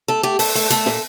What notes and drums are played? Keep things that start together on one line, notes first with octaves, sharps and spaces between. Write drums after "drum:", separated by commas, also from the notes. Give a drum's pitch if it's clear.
A3 A4
A3 G4
A3 A4, drum: open hi-hat
A3, drum: open hi-hat
A3 A4, drum: hi-hat
A#2, drum: snare